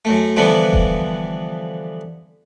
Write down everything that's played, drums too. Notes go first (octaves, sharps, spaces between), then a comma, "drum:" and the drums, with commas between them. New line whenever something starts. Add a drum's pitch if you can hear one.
F#2 A3
D3 E3 F3 G3 B3
drum: kick E1